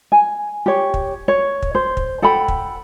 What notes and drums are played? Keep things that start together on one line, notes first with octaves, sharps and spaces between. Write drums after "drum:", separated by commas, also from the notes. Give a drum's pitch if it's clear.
G#5
G4 C#5
drum: kick
C#5
drum: kick
C5
drum: kick
A4 F#5 G5 B5
drum: kick